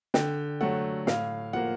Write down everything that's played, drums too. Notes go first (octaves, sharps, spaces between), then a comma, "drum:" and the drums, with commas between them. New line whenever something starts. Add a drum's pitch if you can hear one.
D3 G5, drum: snare
F#3 A3 F#5
A2 F5, drum: snare
F3 A#3 F#5